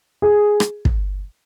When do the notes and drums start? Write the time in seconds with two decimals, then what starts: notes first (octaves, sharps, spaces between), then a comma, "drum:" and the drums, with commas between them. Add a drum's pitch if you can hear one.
0.22 G#4
0.60 drum: rim click
0.85 drum: kick